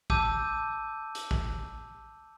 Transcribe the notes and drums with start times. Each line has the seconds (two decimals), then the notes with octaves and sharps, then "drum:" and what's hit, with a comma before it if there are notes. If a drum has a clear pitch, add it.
0.10 A5 D6 E6 G6 D#7, drum: kick
1.15 drum: hi-hat
1.31 drum: kick